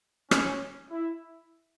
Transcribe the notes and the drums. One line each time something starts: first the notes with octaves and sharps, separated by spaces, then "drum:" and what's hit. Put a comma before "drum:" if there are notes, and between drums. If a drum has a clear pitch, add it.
C#4, drum: rim click
E4